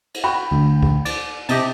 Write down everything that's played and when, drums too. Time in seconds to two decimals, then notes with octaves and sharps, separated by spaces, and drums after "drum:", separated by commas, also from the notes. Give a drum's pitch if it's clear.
0.14 drum: cymbal
0.24 F#4 G5 B5
0.51 D2
0.83 drum: kick C#2
1.05 D5, drum: cymbal
1.49 C3 G4 D#5 A5, drum: cymbal